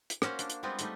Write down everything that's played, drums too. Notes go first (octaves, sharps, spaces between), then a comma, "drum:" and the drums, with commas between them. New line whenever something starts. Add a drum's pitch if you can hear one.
drum: hi-hat
A#3 C#4 F#4 C5 F5, drum: rim click
D4, drum: hi-hat
drum: hi-hat
G3 G#3 B3 C4 F4
G3 A3 D#4, drum: hi-hat